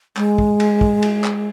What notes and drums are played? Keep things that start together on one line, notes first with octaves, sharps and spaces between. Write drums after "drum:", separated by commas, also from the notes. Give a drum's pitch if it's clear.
G#3, drum: clap
drum: kick
drum: cymbal
drum: kick
drum: cymbal
drum: clap